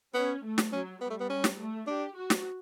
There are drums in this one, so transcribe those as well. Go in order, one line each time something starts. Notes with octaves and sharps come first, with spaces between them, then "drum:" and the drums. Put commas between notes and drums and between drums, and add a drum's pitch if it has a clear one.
B3 C#4
A3
drum: snare
F#3 C#4
G3 B3
A3
B3
C#4
drum: snare
A3
D4 G4
F#4
drum: snare